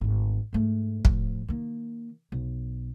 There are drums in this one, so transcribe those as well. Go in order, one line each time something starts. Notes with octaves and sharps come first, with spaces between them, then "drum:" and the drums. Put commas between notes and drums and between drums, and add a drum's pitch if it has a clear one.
G#1 D2
G#2 A3
A2 F3, drum: kick
D#3 A#3
B1